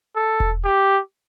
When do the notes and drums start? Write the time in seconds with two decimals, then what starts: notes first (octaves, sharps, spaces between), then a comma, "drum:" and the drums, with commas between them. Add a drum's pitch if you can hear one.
0.16 A4
0.40 drum: kick E1
0.65 G4